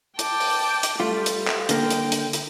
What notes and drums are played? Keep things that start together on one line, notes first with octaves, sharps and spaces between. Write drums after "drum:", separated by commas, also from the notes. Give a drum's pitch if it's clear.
G5 A5 D6, drum: hi-hat
drum: open hi-hat
drum: hi-hat
G3 A3 F4
drum: hi-hat
drum: clap
D3 A#3 G5, drum: hi-hat
drum: hi-hat
drum: hi-hat
drum: hi-hat